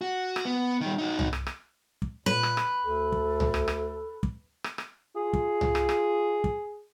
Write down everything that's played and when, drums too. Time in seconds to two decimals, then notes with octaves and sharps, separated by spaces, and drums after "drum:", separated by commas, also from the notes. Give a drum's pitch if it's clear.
0.01 F#4
0.36 drum: rim click
0.45 B3
0.81 D#3 G3
0.98 D#4 F#4
1.19 drum: tom C2
1.33 drum: rim click
1.47 drum: rim click
2.02 drum: kick
2.26 A#2 B4
2.43 drum: rim click
2.57 drum: rim click
2.85 D2 A4
3.12 drum: kick
3.40 drum: tom C2
3.54 drum: rim click
3.68 drum: rim click
4.23 drum: kick
4.64 drum: rim click
4.78 drum: rim click
5.16 F4 G#4
5.33 drum: kick
5.61 drum: tom C2
5.75 drum: rim click
5.89 drum: rim click
6.44 drum: kick